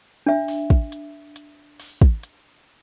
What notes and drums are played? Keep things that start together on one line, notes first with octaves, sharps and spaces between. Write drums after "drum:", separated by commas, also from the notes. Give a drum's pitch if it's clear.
D4 E5
drum: open hi-hat
drum: kick
drum: hi-hat
drum: hi-hat
drum: open hi-hat
drum: kick
drum: hi-hat